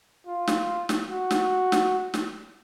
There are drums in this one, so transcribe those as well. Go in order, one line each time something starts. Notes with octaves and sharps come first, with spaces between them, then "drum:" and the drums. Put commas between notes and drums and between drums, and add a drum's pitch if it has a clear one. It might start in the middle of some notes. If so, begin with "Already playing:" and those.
F4
drum: snare
drum: snare
F#4
drum: snare
drum: snare
drum: snare